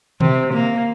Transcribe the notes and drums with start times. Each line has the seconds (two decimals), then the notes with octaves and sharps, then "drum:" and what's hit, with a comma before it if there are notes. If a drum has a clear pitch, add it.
0.21 C3, drum: tom D3
0.54 A#3